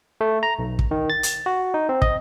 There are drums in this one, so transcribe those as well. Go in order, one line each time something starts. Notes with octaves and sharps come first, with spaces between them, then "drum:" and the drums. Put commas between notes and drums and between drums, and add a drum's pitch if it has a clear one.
A3
A#5
B1
drum: kick
D#3
A6
drum: hi-hat
F#4
D#4
C4
D#5, drum: kick